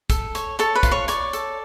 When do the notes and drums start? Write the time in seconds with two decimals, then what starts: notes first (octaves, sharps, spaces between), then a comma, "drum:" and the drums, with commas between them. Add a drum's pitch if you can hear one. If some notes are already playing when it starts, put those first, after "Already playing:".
0.10 A4, drum: kick, hi-hat
0.35 C#5, drum: hi-hat
0.59 A4 C#5 A5, drum: hi-hat
0.75 B4 B5
0.83 F4, drum: kick, hi-hat
0.91 C#5 C#6
1.08 C#5 D5 C#6, drum: hi-hat
1.33 A4, drum: hi-hat